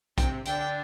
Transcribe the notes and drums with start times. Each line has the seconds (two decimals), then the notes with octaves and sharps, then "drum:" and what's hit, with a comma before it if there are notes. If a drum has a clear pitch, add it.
0.18 C3 C4 G5, drum: kick B1, hi-hat
0.45 D3 D4 G5, drum: hi-hat